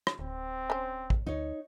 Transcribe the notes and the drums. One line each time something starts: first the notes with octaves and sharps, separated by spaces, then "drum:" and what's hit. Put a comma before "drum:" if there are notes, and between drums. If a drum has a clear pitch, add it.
drum: rim click
D1 C4
C#4 C5
drum: kick A1
D2 D#4 C#5